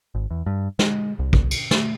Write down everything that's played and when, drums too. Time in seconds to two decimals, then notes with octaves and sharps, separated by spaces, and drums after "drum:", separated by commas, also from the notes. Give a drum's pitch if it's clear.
0.15 G#1
0.31 E2
0.46 G2
0.79 G#3, drum: snare
1.19 C2
1.33 drum: kick
1.51 drum: cymbal
1.71 A3, drum: snare